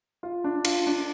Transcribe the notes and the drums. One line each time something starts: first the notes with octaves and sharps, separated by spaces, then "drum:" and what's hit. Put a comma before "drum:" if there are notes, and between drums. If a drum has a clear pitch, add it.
F4
D4
F4, drum: cymbal
D4